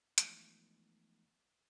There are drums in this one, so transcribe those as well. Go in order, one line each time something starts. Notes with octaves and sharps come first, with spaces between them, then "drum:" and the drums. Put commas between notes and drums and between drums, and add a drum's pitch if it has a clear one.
E3 F3 G#3 A3 B3 D#4, drum: hi-hat